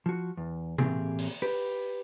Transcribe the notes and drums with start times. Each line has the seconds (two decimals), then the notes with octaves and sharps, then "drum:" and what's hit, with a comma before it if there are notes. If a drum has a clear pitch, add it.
0.06 F3 F#4
0.37 E2
0.78 A2 E3 A#3 C4 G4 G#4, drum: tom C3
1.19 drum: open hi-hat
1.42 G4 B4